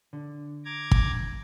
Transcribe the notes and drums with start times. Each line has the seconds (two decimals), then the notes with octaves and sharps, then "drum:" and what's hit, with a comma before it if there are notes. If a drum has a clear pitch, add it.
0.13 D3
0.65 A#5 D6 G#6
0.91 drum: kick